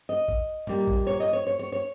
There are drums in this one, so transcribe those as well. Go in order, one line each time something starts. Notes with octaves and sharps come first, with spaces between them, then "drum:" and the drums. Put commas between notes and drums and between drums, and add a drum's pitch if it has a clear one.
D#5
drum: kick
A#2 G3 A#3, drum: tom
drum: kick
C#5
D#5
C#5
C#5
C#5
C#5